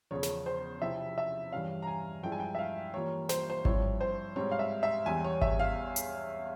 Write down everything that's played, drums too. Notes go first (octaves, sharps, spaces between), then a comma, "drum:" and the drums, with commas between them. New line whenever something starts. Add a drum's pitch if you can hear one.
E2 C#3 F3 C#5
drum: snare
C5
C3 F3 C4 E4 E5
E5
G2 E3 G3 C#4 F5
A#5
G#5
G2 F3 G#3 E4 G5
G#5
G5
E5
F5
E3 G3 A#3 F4 C#5
C5, drum: snare
C5
G2 F3 C4 E4 C#5, drum: kick G#1
C5
G#2 G3 C4 C#5
F5
E5
E5
E2 E3 G3 G#5
C#5
E5, drum: kick G#1
F5
drum: hi-hat